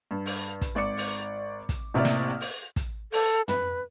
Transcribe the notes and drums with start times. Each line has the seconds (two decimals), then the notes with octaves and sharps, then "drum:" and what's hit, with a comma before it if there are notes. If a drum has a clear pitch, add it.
0.11 G2
0.26 drum: open hi-hat
0.61 drum: kick, hi-hat
0.75 G#1 D5 D6 C#7
0.97 drum: open hi-hat
1.69 drum: kick, hi-hat
1.94 A1 C3 A#3 E4 D5 F6
2.05 drum: snare
2.40 drum: open hi-hat
2.76 drum: kick, hi-hat
3.12 A4, drum: open hi-hat
3.48 B4, drum: tom